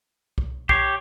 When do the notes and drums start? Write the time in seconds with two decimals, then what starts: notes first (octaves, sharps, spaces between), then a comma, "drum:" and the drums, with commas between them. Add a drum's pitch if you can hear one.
0.38 drum: kick
0.69 G4 C#5 C7, drum: kick